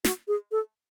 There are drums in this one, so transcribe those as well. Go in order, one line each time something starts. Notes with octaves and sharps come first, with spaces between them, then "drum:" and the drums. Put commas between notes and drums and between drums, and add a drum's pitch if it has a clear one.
F#4, drum: snare
G#4
A4